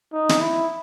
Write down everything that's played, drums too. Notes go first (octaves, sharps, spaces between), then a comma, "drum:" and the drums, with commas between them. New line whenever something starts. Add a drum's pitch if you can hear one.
D#4
drum: snare
E4